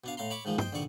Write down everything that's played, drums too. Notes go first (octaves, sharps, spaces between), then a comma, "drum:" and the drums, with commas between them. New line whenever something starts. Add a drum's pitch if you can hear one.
B2 D4 F5
A2 F5 A#5 C6
C#5 B5 C#6 D6
G#2 D#3 F3 G#3
C5 D#5 G5, drum: tom
A#1 D3 D#3 D5 C#6